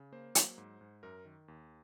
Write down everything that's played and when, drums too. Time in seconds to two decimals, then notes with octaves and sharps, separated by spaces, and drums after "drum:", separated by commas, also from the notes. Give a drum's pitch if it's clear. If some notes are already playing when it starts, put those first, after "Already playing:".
Already playing: C#3
0.12 A#3 C5
0.35 F#3, drum: hi-hat
0.58 G#2
0.81 G#2
1.03 F#2 A#4
1.25 D#3
1.48 D#2